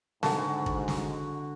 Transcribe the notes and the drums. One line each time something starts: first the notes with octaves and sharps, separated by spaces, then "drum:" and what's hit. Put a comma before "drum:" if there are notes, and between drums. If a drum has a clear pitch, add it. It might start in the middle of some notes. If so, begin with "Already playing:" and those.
G#2 D3 D#3 F#4 A4 A5, drum: snare
drum: kick
drum: snare